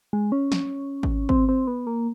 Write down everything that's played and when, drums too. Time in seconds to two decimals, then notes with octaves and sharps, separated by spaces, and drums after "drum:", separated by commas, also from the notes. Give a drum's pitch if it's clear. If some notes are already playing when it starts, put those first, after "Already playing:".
0.13 G#3
0.32 C#4
0.52 drum: snare
1.03 drum: kick G#1
1.29 C4, drum: kick G#1
1.49 C4
1.67 B3
1.87 A#3